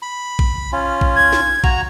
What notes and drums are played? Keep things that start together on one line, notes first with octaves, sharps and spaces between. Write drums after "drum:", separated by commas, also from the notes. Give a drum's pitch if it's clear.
B5
drum: kick A#1
C#4 F4
drum: kick A#1
G#6
drum: snare
F#4 A#5, drum: kick A#1